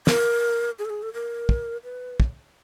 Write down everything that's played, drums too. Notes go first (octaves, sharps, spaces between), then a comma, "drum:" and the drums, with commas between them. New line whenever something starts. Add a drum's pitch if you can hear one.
A#4, drum: snare
G#4
A4
G#4
A4
A#4
drum: kick
B4
drum: kick